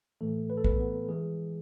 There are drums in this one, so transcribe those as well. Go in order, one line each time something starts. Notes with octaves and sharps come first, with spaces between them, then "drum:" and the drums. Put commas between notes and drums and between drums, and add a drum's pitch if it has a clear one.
A2 E3 A3 A4
B4
A4
B3 B4, drum: kick
B3 B4
E3 G#3 G#4